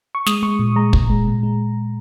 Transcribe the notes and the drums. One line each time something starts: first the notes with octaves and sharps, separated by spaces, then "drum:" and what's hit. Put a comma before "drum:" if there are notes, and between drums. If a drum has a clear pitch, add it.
C#6
G#3 D#6, drum: snare
G#3 C#6
A#2
G#3 A#5
A#2, drum: kick
G#3
A#2
G#3